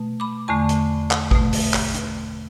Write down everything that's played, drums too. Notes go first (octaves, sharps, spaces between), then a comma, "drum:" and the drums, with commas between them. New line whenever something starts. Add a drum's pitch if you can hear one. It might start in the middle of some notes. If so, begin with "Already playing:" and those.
Already playing: B2 A3
B5 D6
E2 D3 A3 A5 C#6
drum: hi-hat
drum: clap
B2 A3, drum: kick
drum: open hi-hat
drum: clap
drum: hi-hat